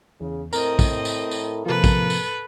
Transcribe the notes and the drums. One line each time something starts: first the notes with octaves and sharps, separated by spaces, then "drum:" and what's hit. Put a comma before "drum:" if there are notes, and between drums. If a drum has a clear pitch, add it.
E2 C#3
A2 C4 A#4 D#5 A#5, drum: tambourine
drum: kick, tambourine
drum: tambourine
drum: tambourine
C3 F3 A#3 A4 B4
drum: kick, tambourine
drum: tambourine